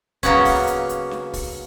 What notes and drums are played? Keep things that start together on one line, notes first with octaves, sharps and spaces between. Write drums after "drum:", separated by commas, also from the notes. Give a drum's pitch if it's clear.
C#3 F#3 A#3 B3 C#4, drum: kick, hi-hat
drum: kick, open hi-hat
drum: hi-hat
drum: hi-hat
drum: snare
drum: kick, open hi-hat